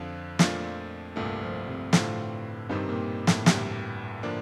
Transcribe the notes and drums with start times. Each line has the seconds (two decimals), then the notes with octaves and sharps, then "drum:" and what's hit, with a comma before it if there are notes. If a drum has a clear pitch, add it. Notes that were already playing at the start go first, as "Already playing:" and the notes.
Already playing: F2 D3 F3 C4 F4
0.39 A#2 F3 A3 D4 F4, drum: snare
1.16 C2 G2 A#2 A3
1.42 F3
1.68 C3
1.93 A2 D3 A3 C4 F4, drum: snare
2.69 G2 C3 D#3 G3 C4 D#4
2.89 A#2
3.27 A2, drum: snare
3.46 D2 C3 G3, drum: snare
4.23 D3 F3 A#3 D4